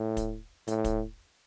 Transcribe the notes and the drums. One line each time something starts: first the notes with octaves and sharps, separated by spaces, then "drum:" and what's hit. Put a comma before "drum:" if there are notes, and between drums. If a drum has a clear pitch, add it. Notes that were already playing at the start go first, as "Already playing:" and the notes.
Already playing: A2
drum: kick, hi-hat
A2, drum: hi-hat
drum: kick, hi-hat